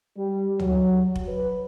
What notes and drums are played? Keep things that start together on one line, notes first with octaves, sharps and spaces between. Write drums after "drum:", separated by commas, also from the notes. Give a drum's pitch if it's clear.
G3
F#3, drum: tom
drum: kick F1
B4